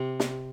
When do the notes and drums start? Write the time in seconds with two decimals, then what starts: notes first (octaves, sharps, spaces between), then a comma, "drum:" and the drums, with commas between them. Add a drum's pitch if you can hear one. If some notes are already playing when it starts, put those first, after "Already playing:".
Already playing: C3
0.20 drum: snare